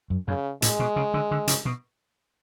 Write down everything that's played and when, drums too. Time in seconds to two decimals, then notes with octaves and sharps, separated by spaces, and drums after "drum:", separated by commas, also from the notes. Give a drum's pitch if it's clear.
0.10 F#2
0.28 F#2 C#3
0.62 A2 G#3, drum: hi-hat
0.79 B2
0.96 C#3
1.14 D3
1.31 D3
1.48 C#3, drum: hi-hat
1.65 B2